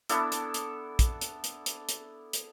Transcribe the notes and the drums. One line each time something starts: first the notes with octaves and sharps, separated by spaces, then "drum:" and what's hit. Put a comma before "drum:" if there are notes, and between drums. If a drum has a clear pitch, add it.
B3 D4 E4 A4, drum: hi-hat
drum: hi-hat
drum: hi-hat
drum: kick, hi-hat
drum: hi-hat
drum: hi-hat
drum: hi-hat
drum: hi-hat
drum: hi-hat